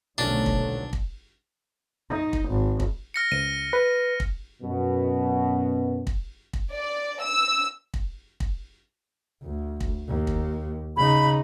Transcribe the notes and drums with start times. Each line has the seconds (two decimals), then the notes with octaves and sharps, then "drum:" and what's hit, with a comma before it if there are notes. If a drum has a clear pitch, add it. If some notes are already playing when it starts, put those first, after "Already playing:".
0.18 D#1 B1 D3 F#3 A3 C#4 D4 A6
0.46 drum: kick
0.93 drum: kick
2.10 D#4
2.33 drum: kick
2.49 G#1
2.80 drum: kick
3.14 F6 A#6 C#7
3.32 C#2 D#7
3.73 B4
4.20 drum: kick
4.62 F#2 B2
6.07 drum: kick
6.53 drum: kick
6.73 D5
7.22 E6
7.94 drum: kick
8.40 drum: kick
9.43 D2
9.81 drum: kick
10.08 D#2
10.27 drum: kick
10.97 C#3 D#4 B5